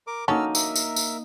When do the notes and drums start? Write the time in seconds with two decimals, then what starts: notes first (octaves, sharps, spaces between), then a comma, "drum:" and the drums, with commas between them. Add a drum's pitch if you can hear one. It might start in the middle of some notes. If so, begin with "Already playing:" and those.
0.07 A#4 D6
0.28 F#3 A#3 C#4 D#4 A4 E6 F6
0.55 A#4 E5, drum: tambourine
0.76 drum: tambourine
0.96 drum: tambourine